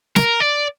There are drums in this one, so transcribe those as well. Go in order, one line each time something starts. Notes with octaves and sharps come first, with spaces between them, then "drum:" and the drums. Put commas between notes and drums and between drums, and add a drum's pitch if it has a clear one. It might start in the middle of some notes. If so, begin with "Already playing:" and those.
A#4, drum: snare
D5